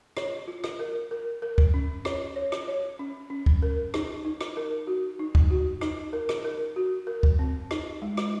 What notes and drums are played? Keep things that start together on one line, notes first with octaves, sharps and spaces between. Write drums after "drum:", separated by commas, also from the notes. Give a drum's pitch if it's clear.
C#5, drum: rim click
F4
drum: rim click
A#4
A#4
A#4
drum: kick D2
C#4
C#5, drum: rim click
C#5
drum: rim click
C#5
C#4
C#4
drum: kick D2
A#4
D#4, drum: rim click
D#4
drum: rim click
A#4
F#4
D#4
drum: kick D2
F#4
D#4, drum: rim click
A#4
drum: rim click
A#4
F#4
A#4
drum: kick D2
C4
D#4, drum: rim click
G#3
drum: rim click